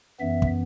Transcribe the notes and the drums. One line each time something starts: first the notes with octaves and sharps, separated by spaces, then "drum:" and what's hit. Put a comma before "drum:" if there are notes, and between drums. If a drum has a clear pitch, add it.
F#2 E3 B3 E5
drum: kick